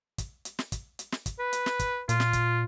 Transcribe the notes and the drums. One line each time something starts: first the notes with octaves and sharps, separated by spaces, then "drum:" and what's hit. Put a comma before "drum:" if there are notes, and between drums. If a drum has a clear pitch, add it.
drum: kick, hi-hat
drum: hi-hat
drum: snare
drum: kick, hi-hat
drum: hi-hat
drum: snare
drum: kick, hi-hat
B4
drum: hi-hat
drum: snare
drum: kick, hi-hat
A#2 F4, drum: hi-hat
drum: snare
drum: kick, hi-hat